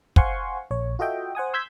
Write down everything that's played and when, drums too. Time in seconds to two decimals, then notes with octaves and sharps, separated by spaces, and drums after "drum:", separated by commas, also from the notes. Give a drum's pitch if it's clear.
0.16 C5 F5 F#5 G#5 C6 C#6, drum: kick
0.71 A#1 C#5
0.99 F4 F#4 A4 D#5 E5 G5
1.35 C5 F#5 G#5 D#6
1.53 C6 E6 G6 G#6 B6